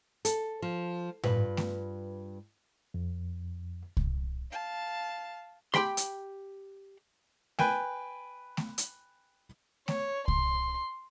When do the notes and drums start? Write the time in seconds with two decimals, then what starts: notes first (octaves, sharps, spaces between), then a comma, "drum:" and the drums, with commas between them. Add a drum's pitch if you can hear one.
0.25 A4, drum: hi-hat
0.62 F3
1.24 G2 F4 B4, drum: tom A2
1.57 drum: snare A3
2.94 F2
3.97 drum: kick C2
4.51 F5 A5
5.74 G4 G5 B5 C6, drum: snare A3
5.97 drum: hi-hat
7.59 B4 G5 G#5, drum: snare A3
8.57 drum: snare A3
8.78 drum: hi-hat
9.88 C#5, drum: snare A3
10.28 C6, drum: kick C2